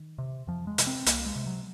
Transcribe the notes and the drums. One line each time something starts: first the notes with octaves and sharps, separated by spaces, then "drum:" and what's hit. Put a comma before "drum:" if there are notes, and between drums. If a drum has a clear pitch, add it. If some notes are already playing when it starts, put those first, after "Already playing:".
Already playing: D#3
C3
F2 F3
G#3
C3, drum: hi-hat
C4
C2 A#3, drum: hi-hat
G#3
C3
F#3